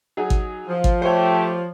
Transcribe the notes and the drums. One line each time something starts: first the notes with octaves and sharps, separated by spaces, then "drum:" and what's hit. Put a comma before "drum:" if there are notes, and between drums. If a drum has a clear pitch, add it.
F#3 D#4 G#4
drum: kick
F3
drum: kick
A3 G4 C5 C#5